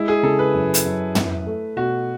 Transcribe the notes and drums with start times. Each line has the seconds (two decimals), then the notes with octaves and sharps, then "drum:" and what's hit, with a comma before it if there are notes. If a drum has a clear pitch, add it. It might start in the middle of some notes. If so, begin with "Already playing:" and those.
Already playing: G#3 E4
0.08 G#4
0.23 C#3 A4
0.39 B4
0.54 F#2
0.74 drum: hi-hat
0.85 F#2
1.15 E4, drum: tom
1.46 A3
1.76 B2 F#4